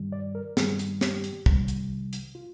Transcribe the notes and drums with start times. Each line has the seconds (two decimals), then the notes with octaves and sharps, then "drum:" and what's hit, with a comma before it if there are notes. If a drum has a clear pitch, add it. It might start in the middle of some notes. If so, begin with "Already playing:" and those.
Already playing: G2 D#3 G3
0.12 D5
0.35 A#4
0.57 G2 D#3 G3 G#4, drum: snare
0.79 drum: hi-hat
1.01 G4, drum: snare
1.24 drum: hi-hat
1.46 C2 C3 D#3 G3, drum: kick
1.68 drum: hi-hat
2.13 drum: hi-hat
2.35 F4